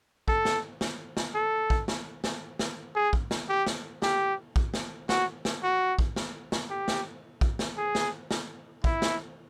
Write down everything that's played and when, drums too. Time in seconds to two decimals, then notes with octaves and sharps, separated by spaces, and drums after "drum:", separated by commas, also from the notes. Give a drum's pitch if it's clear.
0.28 A4, drum: kick A#1
0.45 drum: snare
0.81 drum: snare
1.17 drum: snare
1.35 A4
1.70 drum: kick A#1
1.88 drum: snare
2.24 drum: snare
2.59 drum: snare
2.95 G#4
3.13 drum: kick A#1
3.31 drum: snare
3.49 G4
3.67 drum: snare
4.02 G4, drum: snare
4.56 drum: kick A#1
4.74 drum: snare
5.09 F#4, drum: snare
5.45 drum: snare
5.63 F#4
5.99 drum: kick A#1
6.16 drum: snare
6.52 drum: snare
6.70 G4
6.88 drum: snare
7.41 drum: kick A#1
7.59 drum: snare
7.77 G#4
7.95 drum: snare
8.31 drum: snare
8.84 E4, drum: kick A#1
9.02 drum: snare